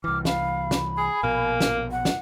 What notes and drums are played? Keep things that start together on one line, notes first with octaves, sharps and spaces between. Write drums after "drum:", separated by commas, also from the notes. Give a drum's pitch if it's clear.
C2 E3 D6 F6
F5 B5, drum: snare
drum: snare
G#4 G#5
A#1 B2 A#3
drum: snare
F#5
drum: snare